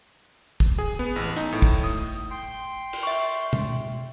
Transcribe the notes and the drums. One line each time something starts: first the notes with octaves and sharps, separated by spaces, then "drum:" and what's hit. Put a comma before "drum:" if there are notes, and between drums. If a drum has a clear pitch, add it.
drum: kick
G#4
B3
A1
D#4, drum: hi-hat
A2
drum: kick
D#6, drum: open hi-hat
G5 C6
drum: cymbal
E5 C#6
drum: tom